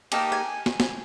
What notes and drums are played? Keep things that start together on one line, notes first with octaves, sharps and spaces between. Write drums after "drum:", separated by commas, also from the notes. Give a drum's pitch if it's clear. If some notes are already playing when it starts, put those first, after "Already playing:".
A#3 D#4 G4 A5, drum: cymbal
G#5
drum: snare
drum: snare